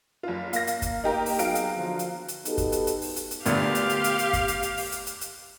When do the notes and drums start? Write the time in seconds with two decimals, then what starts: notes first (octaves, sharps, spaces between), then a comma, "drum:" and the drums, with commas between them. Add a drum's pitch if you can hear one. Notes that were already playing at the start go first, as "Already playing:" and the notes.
0.23 F#1 F4
0.53 A#3 F5 A#6, drum: hi-hat
0.67 drum: hi-hat
0.82 drum: kick, hi-hat
1.04 D#4 G4 A#4
1.26 drum: open hi-hat
1.39 F#3 B3 D#4 G#4 F5 D7, drum: hi-hat
1.55 drum: hi-hat
1.76 D3 E3 F3
1.99 drum: hi-hat
2.28 drum: hi-hat
2.45 B3 D#4 F#4 G4 A4, drum: hi-hat
2.58 drum: kick, hi-hat
2.72 drum: hi-hat
2.87 drum: hi-hat
3.02 drum: open hi-hat
3.16 drum: hi-hat
3.31 drum: hi-hat
3.45 D2 A#2 B3 G4 F5, drum: hi-hat
3.75 drum: hi-hat
3.89 drum: hi-hat
4.04 drum: hi-hat
4.19 drum: hi-hat
4.33 drum: kick, hi-hat
4.48 drum: hi-hat
4.63 drum: hi-hat
4.77 drum: open hi-hat
4.92 drum: hi-hat
5.07 drum: hi-hat
5.21 drum: hi-hat